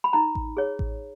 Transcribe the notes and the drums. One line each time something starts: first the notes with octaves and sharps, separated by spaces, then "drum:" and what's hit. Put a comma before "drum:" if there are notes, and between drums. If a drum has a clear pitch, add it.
B5
D#4 A#5
drum: kick A1
G#4 C#5
drum: kick A1